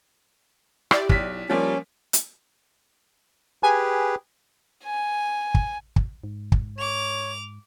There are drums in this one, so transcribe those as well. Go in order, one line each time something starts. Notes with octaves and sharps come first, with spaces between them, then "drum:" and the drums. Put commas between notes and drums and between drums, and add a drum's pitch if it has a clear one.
E4 G4 D5, drum: rim click
B1 B6, drum: kick
F3 G3 A#3 C#4
drum: hi-hat
G4 G#4 B4 G#5
G#5
drum: kick
drum: kick
G#2
drum: kick
C#5 D6 F7